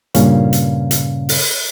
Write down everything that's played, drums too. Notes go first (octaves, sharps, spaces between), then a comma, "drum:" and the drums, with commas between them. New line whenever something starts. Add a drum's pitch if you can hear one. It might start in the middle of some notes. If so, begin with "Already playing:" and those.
G2 A#2 C#3 C#4 F5, drum: hi-hat
drum: hi-hat
drum: hi-hat
drum: open hi-hat